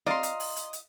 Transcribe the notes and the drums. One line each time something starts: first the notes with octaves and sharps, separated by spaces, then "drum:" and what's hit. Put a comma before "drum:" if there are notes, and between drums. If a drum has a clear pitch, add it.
F4 D5 D#5 F5 A#5 C6, drum: snare C4
drum: hi-hat
drum: open hi-hat
drum: hi-hat
drum: hi-hat